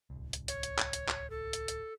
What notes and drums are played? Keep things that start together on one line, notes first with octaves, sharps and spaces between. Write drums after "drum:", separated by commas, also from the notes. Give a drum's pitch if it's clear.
D1 C2
drum: hi-hat
C#5, drum: hi-hat
drum: hi-hat
drum: clap
drum: hi-hat
drum: clap
A4
drum: hi-hat
drum: hi-hat